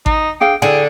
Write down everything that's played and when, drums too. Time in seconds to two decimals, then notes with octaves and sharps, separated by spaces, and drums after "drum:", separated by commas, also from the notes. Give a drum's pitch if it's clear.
0.06 D#4, drum: kick G#1
0.41 D4 G#4 F5 G5
0.62 D3 E4 G#4 G5